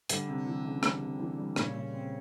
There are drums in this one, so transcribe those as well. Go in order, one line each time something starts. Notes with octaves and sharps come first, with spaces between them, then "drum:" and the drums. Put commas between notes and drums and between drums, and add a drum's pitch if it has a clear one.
D3 G3, drum: hi-hat
C3
E3
C#2
G3, drum: rim click
C3
E3
G3
A#2 C#3, drum: rim click
A#2
C4